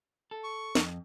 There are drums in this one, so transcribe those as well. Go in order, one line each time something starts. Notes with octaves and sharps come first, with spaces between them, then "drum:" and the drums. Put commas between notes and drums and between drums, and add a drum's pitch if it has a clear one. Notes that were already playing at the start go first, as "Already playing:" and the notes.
A4
C#6
F2, drum: snare